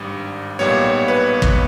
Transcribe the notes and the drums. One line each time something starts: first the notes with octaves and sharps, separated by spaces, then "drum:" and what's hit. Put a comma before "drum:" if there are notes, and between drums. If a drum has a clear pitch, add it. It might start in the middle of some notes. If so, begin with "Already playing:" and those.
Already playing: G#1 G2 G3
B1 A#2 G3 B3 C#5
B4
drum: kick